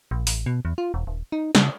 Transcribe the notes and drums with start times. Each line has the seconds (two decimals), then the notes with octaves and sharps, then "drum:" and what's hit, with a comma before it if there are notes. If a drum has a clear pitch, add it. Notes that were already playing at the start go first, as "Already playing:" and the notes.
0.11 A#1
0.27 A1, drum: open hi-hat
0.46 B2
0.65 E2
0.78 F4
0.94 E1
1.07 D#1
1.32 D#4
1.55 C#3, drum: snare